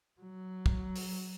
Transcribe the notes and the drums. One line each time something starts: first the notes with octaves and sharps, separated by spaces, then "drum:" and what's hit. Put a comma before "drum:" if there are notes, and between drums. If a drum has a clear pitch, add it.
F#3
drum: kick
drum: open hi-hat